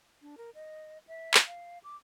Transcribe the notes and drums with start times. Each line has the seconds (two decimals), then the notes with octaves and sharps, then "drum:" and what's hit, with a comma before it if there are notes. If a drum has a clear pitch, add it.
0.22 D4
0.37 A#4
0.55 D#5
1.07 E5
1.34 drum: clap
1.47 F5
1.84 D6